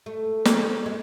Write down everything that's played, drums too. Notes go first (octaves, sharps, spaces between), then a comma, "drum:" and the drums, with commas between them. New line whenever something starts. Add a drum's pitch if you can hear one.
A3
drum: snare
G#3